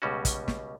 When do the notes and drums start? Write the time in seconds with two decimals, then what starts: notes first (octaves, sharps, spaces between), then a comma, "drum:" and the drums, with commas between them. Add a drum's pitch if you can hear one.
0.02 C#2 B2 G3 C#4 F#4
0.25 drum: kick, hi-hat
0.48 drum: snare